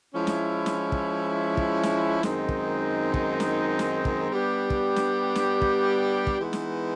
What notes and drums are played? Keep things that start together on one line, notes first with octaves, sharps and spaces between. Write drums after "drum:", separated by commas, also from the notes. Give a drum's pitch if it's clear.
F3 G#3 C#4 E4
drum: snare
drum: snare
drum: kick
drum: kick
drum: snare
F#2 D#3 G#3 C4 D#4, drum: snare
drum: kick
drum: kick
drum: snare
drum: snare
drum: kick
G3 B3 D4 G4
drum: kick
drum: snare
drum: snare
drum: kick
drum: kick
E3 G#3 B3 D#4
drum: snare